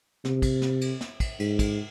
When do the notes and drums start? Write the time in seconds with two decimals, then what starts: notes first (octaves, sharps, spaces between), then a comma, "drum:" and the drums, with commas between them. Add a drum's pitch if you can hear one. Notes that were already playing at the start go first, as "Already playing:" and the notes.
0.25 C3, drum: snare
0.42 drum: kick, cymbal
0.62 drum: snare
0.81 drum: cymbal
1.01 drum: snare
1.20 drum: kick, cymbal
1.40 G#2, drum: cymbal
1.59 drum: kick, cymbal